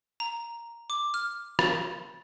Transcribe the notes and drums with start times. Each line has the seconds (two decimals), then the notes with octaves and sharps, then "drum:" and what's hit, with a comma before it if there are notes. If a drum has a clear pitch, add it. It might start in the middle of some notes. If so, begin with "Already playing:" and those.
0.20 A#5
0.90 D6
1.14 F6
1.59 drum: rim click